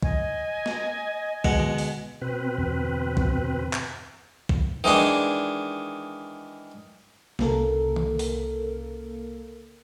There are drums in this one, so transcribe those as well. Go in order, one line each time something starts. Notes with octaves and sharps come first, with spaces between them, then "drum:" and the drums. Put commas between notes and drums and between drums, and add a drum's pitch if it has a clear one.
D#5 G#5, drum: kick
drum: snare
B2 G#3 F#5, drum: kick
drum: tom D3
drum: open hi-hat
B2 C4 B4
E2 G2 D3
drum: kick
drum: clap
drum: kick
D#3 E3 G#3 D4
C2 C#3 A#3 A4 A#4, drum: snare
drum: tom D#3
drum: open hi-hat